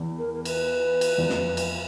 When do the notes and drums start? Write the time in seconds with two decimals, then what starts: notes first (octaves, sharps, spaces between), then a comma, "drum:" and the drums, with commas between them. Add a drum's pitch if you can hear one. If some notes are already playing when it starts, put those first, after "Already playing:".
Already playing: E2
0.18 A#4
0.34 A#4
0.45 B4, drum: cymbal
1.01 drum: cymbal
1.18 E2
1.29 F2, drum: snare
1.57 drum: cymbal